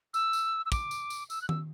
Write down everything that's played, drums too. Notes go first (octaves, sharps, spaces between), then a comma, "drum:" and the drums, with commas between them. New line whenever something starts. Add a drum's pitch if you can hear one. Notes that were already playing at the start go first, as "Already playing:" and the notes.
E6, drum: tambourine
drum: tambourine
E6
D6, drum: kick, tambourine
drum: tambourine
drum: tambourine
E6, drum: tambourine
F#6
E6, drum: tom D#3